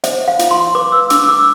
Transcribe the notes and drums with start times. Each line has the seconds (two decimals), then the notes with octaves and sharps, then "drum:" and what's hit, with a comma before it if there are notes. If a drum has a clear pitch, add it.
0.04 C5 E5, drum: hi-hat
0.28 F5
0.39 F4, drum: hi-hat
0.51 C6
0.75 B4 D6
0.92 E6
1.10 D4 D6, drum: hi-hat
1.23 E6
1.28 D6